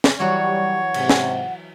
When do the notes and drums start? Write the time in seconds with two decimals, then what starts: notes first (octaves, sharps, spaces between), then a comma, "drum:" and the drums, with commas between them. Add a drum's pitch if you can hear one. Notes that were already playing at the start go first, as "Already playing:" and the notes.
0.04 drum: snare
0.20 E3 F#3 G3 F#4 C#5 F#5
0.94 G#2 C3, drum: cymbal
1.09 drum: snare